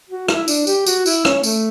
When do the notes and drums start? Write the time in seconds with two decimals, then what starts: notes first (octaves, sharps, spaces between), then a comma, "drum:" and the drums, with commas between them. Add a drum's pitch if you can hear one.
0.09 F#4
0.28 E4, drum: rim click
0.48 D4, drum: tambourine
0.67 G4, drum: tambourine
0.86 F#4, drum: tambourine
1.06 E4, drum: tambourine
1.25 C#4, drum: rim click
1.43 A3, drum: tambourine